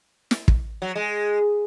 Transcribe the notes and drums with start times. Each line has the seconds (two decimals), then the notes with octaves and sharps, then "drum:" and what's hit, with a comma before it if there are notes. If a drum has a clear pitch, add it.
0.31 drum: snare
0.48 drum: kick
0.82 F#3
0.96 G#3